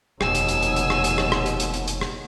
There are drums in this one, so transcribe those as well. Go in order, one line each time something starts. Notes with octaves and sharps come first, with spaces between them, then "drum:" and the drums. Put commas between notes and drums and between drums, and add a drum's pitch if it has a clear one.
F1 D#2 B2 G#5 E6, drum: rim click
drum: hi-hat
drum: hi-hat
drum: hi-hat
drum: hi-hat
drum: rim click
drum: hi-hat
drum: rim click
drum: rim click
drum: hi-hat
drum: hi-hat
drum: hi-hat
drum: hi-hat
drum: rim click